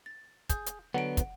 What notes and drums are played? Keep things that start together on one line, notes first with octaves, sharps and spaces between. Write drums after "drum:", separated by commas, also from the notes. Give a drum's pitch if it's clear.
A6
G#4 G6, drum: kick, hi-hat
drum: hi-hat
D3 F#3 B3 F#5 D7
drum: kick, hi-hat